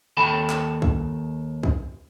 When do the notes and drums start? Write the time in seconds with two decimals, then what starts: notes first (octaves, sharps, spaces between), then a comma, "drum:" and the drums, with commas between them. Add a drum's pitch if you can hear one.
0.17 D#2 A4 G5 A5 B5
0.50 drum: clap
0.82 drum: kick
1.63 drum: kick